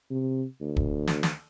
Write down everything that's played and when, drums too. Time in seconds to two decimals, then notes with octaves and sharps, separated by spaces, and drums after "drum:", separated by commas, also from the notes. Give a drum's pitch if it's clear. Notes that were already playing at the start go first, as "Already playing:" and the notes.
0.11 C3
0.61 D2
0.76 drum: kick
1.07 drum: snare
1.23 drum: snare